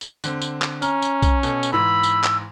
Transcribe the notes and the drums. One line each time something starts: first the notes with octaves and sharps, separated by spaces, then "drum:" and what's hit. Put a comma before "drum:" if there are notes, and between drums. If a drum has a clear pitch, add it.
drum: tambourine
D3 C4, drum: tambourine
drum: tambourine
drum: clap
C#4 A#5 F6, drum: tambourine
drum: tambourine
drum: kick, tambourine
B2 A4, drum: tambourine
drum: tambourine
G#2 E3 B5 E6
drum: tambourine
drum: clap